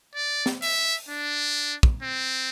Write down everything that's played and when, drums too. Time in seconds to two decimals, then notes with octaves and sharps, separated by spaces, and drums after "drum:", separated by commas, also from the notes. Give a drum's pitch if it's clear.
0.15 D5
0.46 drum: snare
0.62 E5, drum: open hi-hat
1.09 D4
1.83 drum: kick
2.03 C4